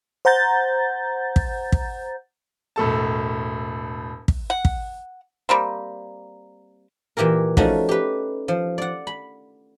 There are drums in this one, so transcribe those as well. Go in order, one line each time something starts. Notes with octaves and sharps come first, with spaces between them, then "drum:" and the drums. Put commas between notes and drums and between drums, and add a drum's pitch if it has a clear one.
C5 F#5 A#5 G6 A6
drum: kick
drum: kick
E1 A2 A4 A5
drum: kick
F#5
drum: kick
G3 A#3 C4
A#2 E3 G4 G#4 A#4
F3 A3 C#4 D#4 F#4, drum: kick
G4 B4
F3
D5 F#5
B5